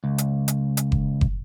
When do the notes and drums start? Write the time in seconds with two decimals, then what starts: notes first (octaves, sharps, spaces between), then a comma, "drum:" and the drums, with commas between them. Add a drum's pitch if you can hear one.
0.04 C#2
0.18 drum: hi-hat
0.48 drum: hi-hat
0.77 drum: hi-hat
0.92 drum: kick F#1
1.21 drum: kick F#1